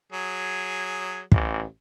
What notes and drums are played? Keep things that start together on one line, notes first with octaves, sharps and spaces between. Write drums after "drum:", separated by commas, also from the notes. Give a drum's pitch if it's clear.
F#3 G#4
A1, drum: kick